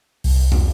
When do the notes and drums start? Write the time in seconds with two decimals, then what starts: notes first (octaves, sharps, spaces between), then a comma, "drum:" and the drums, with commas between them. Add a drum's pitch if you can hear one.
0.24 C2, drum: open hi-hat
0.52 drum: tom